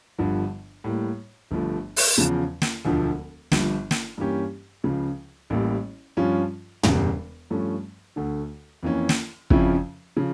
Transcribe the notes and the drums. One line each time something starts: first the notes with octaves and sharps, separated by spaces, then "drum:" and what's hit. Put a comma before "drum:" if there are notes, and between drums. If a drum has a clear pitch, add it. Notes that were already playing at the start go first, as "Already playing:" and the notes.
G1 G2 D3 F3
A2 G3 A#3
G1 G2 F3 A3
drum: open hi-hat
E2 C#3 F3
drum: snare
E1 D2 D3 F3
G1 G2 F3, drum: snare
drum: snare
G2 E3 A#3 C#4 G4
C#2 C#3 F3
A1 A2 G3 A#3
G2 F3 C#4 F4
E1 E2 C#3 G3, drum: tom
G2 F3 A3 C#4
D2 D3 A3
F2 E3 A#3 C#4
drum: snare
F2 C#3 F3 C#4 E4, drum: kick
C#3 F3